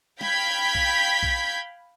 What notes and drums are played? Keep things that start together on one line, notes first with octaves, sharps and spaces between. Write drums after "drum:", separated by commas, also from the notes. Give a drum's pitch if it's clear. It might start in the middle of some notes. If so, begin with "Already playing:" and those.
F5 G5 B5 G6 G#6 B6, drum: snare
drum: kick B1
drum: kick B1